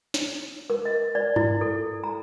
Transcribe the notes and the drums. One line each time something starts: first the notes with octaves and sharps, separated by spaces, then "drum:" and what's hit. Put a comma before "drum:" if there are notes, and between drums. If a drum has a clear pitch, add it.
drum: snare
A#4
D#5
D5
E4, drum: tom G2
A4
A#5